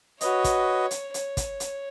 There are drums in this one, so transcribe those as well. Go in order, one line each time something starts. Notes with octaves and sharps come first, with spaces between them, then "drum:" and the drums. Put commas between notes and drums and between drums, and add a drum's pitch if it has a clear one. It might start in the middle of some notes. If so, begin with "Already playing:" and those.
F#4 B4 C#5 D#5, drum: hi-hat
drum: kick, hi-hat
drum: hi-hat
C#5, drum: hi-hat
drum: kick, hi-hat
drum: hi-hat